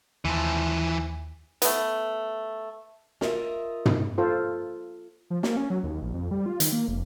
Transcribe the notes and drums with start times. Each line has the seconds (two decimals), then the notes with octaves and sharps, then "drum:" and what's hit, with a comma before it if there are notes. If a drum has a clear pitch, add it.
0.25 D#2 E3 F3
1.62 A3 B3, drum: hi-hat
3.21 F4 A#4 D#5 E5, drum: snare
3.86 drum: tom
4.18 F4 A4 C5
5.30 F3
5.43 A#3, drum: snare
5.57 C#4
5.70 F#3
5.83 D#2
6.02 A#1
6.14 F2
6.31 G3
6.46 F4
6.60 D#3, drum: hi-hat
6.72 A#3
6.88 F1